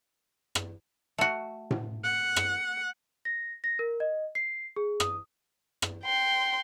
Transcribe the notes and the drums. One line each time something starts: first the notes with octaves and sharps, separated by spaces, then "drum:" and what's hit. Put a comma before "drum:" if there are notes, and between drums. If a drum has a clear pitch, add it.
drum: rim click
A3 F#4
drum: tom A2
F#5
drum: rim click
A#6
A#6
A#4
D#5
C7
G#4
D#6, drum: rim click
drum: rim click
G5 C6